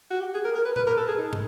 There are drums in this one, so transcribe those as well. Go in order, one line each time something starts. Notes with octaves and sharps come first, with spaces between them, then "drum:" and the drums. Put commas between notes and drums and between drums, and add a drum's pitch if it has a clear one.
F#4
G4
G#4
A#4
A#4
B4
B4, drum: tom A#2
A#4
A4
G#4
D#4
drum: tom